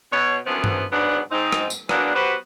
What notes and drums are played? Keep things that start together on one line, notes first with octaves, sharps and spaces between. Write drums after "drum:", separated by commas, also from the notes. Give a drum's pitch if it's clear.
B2 C#5
F#2 D3 E3 F3 B3 C4
drum: tom G2
G#2 C#3 F#3 B3 D4
G#2 C4 D#4
drum: rim click
drum: tambourine
F#3 G#3 A#3 B3 D4, drum: rim click
F#3 B3 F#4 G4 B4 C5